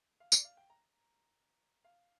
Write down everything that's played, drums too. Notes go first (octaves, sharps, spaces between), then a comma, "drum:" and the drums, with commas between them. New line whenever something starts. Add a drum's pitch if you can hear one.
F5
D5, drum: tambourine
F5
G5
A#5
F5